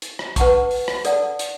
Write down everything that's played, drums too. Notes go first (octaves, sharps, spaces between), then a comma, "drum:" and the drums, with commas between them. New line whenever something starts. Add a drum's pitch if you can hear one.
drum: hi-hat
drum: rim click
B4 F#5 A5 C#6, drum: kick, hi-hat
drum: open hi-hat
drum: rim click
A4 D5 F#5 A5, drum: hi-hat
drum: hi-hat